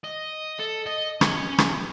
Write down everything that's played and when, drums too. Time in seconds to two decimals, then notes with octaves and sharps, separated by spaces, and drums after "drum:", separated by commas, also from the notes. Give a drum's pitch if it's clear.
0.04 D#5
0.59 A4
0.86 D#5
1.21 C#4, drum: rim click
1.58 drum: rim click